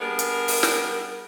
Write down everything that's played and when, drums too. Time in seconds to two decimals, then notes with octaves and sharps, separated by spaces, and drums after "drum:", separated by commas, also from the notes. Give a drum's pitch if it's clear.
0.01 G3 B3 D4 G#4 A#4
0.19 drum: hi-hat
0.48 drum: open hi-hat
0.63 drum: snare